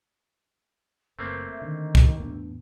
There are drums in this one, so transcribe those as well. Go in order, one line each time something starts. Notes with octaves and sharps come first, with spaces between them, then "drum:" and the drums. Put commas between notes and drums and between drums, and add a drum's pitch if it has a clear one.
F#1 A3 A#3 C4 B4
E5
D3 D#3
drum: kick
E2 A2 B3 D4